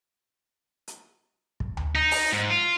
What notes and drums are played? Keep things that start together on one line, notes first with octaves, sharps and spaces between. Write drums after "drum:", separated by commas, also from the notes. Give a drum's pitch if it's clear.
drum: hi-hat
drum: kick
drum: tom D2
D#4
drum: open hi-hat
G#2
F4